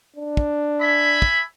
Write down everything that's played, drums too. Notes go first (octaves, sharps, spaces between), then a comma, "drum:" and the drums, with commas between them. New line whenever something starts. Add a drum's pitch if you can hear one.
D4
drum: kick
E5 G#5 B5
drum: kick